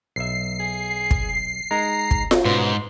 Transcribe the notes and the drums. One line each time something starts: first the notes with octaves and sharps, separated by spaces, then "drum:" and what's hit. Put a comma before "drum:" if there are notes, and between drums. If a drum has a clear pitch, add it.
B1 E5 C7
G#4
drum: kick
G#3 D#4 A#5
drum: kick
drum: snare F4
G#2 B2 B3 C#4 C6